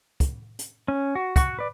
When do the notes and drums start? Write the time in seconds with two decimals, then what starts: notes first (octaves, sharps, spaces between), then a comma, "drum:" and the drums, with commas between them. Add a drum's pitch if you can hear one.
0.20 drum: kick, hi-hat
0.59 drum: hi-hat
0.88 C#4
1.15 F#4
1.36 F#4 F#5 C#6, drum: kick, hi-hat
1.59 B4 D5